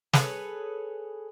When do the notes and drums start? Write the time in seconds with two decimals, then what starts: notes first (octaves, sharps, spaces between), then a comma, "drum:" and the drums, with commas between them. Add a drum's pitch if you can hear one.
0.13 G#4 A4 B4 C#5, drum: snare